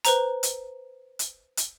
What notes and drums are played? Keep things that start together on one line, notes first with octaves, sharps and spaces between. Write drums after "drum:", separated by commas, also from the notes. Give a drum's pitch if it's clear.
B4 C5 A#5, drum: hi-hat
drum: hi-hat
drum: hi-hat
drum: hi-hat